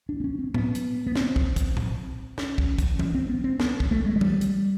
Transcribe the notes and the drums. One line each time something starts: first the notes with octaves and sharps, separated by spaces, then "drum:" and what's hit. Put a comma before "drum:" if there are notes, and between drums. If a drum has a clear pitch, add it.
D4
C4
C#4
C4
B3, drum: tom A2
drum: hi-hat
B3
C4, drum: snare
drum: kick
drum: kick, hi-hat
drum: tom A2
C#4, drum: snare
drum: kick
drum: kick, hi-hat
C#4, drum: tom E3
C4
B3
C4
B3, drum: snare
drum: kick
A3
G#3
G#3
G3, drum: tom E3
drum: hi-hat